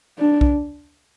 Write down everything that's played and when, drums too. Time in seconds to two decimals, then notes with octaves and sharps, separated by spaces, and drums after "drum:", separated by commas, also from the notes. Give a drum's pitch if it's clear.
0.19 D4
0.41 drum: kick B1